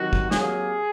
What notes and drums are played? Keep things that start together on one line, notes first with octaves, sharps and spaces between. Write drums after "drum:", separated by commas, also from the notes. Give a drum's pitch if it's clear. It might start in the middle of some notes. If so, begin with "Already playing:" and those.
Already playing: C3 D#3 F#3 F#4
drum: kick
C3 F#3 A#3 G#4, drum: snare